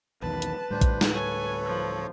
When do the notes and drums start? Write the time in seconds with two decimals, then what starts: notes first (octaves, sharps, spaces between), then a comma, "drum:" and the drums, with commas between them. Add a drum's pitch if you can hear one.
0.22 B1 E2 D#3 B4 A5 B5
0.42 drum: hi-hat
0.70 D2 A2 G3 D4 C5
0.81 drum: kick A#1, hi-hat
1.01 drum: snare
1.14 A4 C#5 G#5
1.65 F3